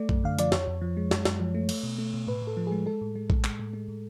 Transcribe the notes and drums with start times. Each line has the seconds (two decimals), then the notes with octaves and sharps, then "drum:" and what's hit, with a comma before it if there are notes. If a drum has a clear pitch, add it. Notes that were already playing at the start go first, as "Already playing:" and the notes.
Already playing: A3 D5
0.09 F#2, drum: kick
0.24 D3 F5
0.39 F3 D5, drum: hi-hat
0.52 F2 C#5, drum: snare
0.67 F2
0.82 F3
0.97 G#3
1.11 F#2, drum: snare
1.25 F#2, drum: snare
1.40 F3
1.55 A3
1.69 A3, drum: cymbal
1.83 B2
1.98 A3
2.14 B2
2.27 A2 B4
2.42 A2
2.47 A4
2.57 F3
2.67 G#3 G#4
2.86 G#3 A4
3.01 A2
3.16 G#3
3.30 A2, drum: kick
3.44 G#3, drum: clap
3.59 A2
3.73 G#3
3.88 A2